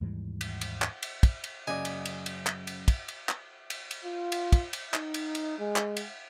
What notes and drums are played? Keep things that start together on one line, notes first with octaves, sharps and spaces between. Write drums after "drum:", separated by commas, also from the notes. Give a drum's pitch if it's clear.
D#2 G#2 E3 G3
drum: cymbal
drum: cymbal
drum: clap
drum: cymbal
drum: kick, cymbal
drum: cymbal
F#2 C#3 D5 D#5 G#5
drum: cymbal
drum: cymbal
drum: cymbal
drum: clap
drum: cymbal
drum: kick, cymbal
drum: cymbal
drum: clap
drum: cymbal
drum: cymbal
F4
drum: cymbal
drum: kick, cymbal
drum: cymbal
D#4, drum: clap
drum: cymbal
drum: cymbal
G#3
drum: clap
drum: cymbal